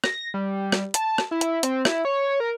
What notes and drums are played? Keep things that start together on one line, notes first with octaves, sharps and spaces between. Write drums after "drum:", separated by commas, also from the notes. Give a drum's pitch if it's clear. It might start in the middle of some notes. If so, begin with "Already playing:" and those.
A#6, drum: rim click
G3
drum: rim click
A5, drum: hi-hat
drum: rim click
E4
drum: hi-hat
C4, drum: hi-hat
E4, drum: rim click
C#5
A#4